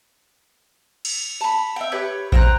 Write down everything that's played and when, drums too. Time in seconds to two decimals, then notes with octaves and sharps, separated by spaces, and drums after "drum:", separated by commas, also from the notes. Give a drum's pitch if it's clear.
1.05 drum: cymbal
1.41 A5 B5
1.76 E5 G5
1.92 G4 B4 C#5
2.32 C5 G5 A#5 F#6, drum: kick A1